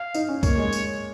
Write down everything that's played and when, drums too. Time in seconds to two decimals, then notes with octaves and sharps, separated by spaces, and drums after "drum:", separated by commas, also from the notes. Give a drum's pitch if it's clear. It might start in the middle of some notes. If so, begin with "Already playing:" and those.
Already playing: F5
0.14 D#4, drum: tambourine
0.29 C#4
0.43 A#3 C#5, drum: kick C2, tambourine
0.58 G#3
0.73 drum: tambourine